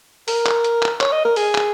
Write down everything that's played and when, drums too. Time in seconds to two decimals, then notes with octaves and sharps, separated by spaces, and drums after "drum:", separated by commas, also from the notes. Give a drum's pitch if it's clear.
0.28 A#4, drum: open hi-hat
0.46 drum: clap
0.64 drum: hi-hat
0.83 drum: clap
1.01 C#5, drum: clap
1.12 D#5
1.25 A#4
1.36 G#4, drum: open hi-hat
1.55 drum: clap